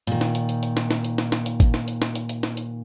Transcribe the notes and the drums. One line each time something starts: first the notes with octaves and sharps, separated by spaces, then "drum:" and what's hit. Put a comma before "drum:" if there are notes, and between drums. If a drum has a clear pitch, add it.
A#2 D#3, drum: hi-hat
drum: snare
drum: hi-hat
drum: hi-hat
drum: hi-hat
drum: snare
drum: snare
drum: hi-hat
drum: snare
drum: snare
drum: hi-hat
drum: kick, hi-hat
drum: snare
drum: hi-hat
drum: snare
drum: hi-hat
drum: hi-hat
drum: snare
drum: hi-hat